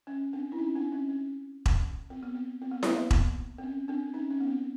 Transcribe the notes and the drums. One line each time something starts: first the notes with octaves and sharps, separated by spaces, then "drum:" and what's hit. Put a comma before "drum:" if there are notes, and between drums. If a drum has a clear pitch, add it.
C#4
C4 D4
E4
C#4 D#4
C4 D4
C#4
C#4
drum: kick E1
C4
B3
C4
C4
B3
A#3, drum: snare E4
B3
drum: kick E1
C4
C#4
C4 D4
C#4 D#4
C#4
B3
C4